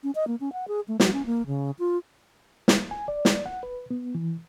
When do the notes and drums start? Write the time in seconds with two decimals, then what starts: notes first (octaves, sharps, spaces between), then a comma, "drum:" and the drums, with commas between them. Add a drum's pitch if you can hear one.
0.03 C#4
0.15 D#5
0.27 A#3
0.40 C#4
0.53 F#5
0.68 G#4
0.88 A3
1.00 F#3, drum: snare
1.13 C#4
1.26 A#3
1.47 C#3
1.79 F4
2.68 drum: snare
2.91 G#5
3.08 D5
3.25 drum: snare
3.46 F#5
3.63 B4
3.91 B3
4.15 E3